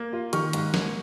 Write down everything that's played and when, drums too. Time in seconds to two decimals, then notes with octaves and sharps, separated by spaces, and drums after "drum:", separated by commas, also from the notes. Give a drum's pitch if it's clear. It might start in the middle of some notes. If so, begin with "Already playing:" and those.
Already playing: A#3
0.13 F4
0.33 D#3 C#6 F6, drum: hi-hat
0.53 G#2, drum: hi-hat
0.74 A#3, drum: snare